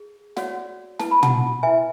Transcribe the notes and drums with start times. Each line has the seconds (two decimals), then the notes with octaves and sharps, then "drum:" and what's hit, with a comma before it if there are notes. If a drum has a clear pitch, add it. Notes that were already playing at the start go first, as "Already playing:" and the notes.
Already playing: G#4
0.37 F#4 C#5 D5 F#5, drum: snare
0.99 E4 B4 A5, drum: snare
1.11 B5
1.23 F#5 A5, drum: tom
1.63 E4 B4 E5 G#5